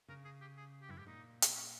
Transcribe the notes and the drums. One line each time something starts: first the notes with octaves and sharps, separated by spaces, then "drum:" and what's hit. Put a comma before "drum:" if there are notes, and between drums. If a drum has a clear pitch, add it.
C#3 A#4
G#4
G4
G#4
G4
G2 E4
G#2 G4
A#2 D#4
drum: hi-hat
C#4